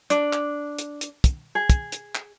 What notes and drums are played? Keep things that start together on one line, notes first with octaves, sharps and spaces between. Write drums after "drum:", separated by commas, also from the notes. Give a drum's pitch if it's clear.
D4, drum: hi-hat
drum: clap
drum: hi-hat
drum: hi-hat
drum: kick, hi-hat
G#4
drum: kick, hi-hat
drum: hi-hat
drum: clap